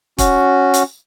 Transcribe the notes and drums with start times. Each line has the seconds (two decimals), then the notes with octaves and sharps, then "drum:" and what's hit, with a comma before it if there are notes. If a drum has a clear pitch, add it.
0.18 C#4 F#4, drum: kick, hi-hat
0.74 drum: hi-hat